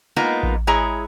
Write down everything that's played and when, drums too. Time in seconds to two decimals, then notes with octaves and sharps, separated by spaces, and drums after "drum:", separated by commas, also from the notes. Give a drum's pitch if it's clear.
0.16 G#3 A#3 B3 D#4 F4
0.43 drum: kick A1
0.67 G#3 E4 G#4 C#5 A#5